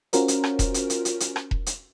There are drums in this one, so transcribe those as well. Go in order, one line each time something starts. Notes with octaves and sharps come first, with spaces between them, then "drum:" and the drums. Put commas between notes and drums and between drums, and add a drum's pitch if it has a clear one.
C#4 F4 F#4 A#4 C5, drum: hi-hat
drum: hi-hat
drum: rim click
drum: kick E1, hi-hat
drum: hi-hat
drum: hi-hat
drum: hi-hat
drum: hi-hat
drum: rim click
drum: kick E1
drum: hi-hat